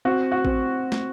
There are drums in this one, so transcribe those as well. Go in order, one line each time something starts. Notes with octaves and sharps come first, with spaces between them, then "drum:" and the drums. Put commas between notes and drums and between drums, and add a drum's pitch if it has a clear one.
C4 F#4
F#4
C4, drum: kick A1
drum: snare